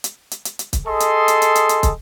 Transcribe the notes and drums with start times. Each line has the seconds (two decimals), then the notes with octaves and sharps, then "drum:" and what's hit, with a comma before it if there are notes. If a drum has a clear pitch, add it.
0.04 drum: hi-hat
0.31 drum: hi-hat
0.45 drum: hi-hat
0.59 drum: hi-hat
0.73 drum: kick, hi-hat
0.87 G#4 A4 D#5 C6
1.00 drum: hi-hat
1.28 drum: hi-hat
1.42 drum: hi-hat
1.55 drum: hi-hat
1.69 drum: hi-hat
1.83 drum: kick, hi-hat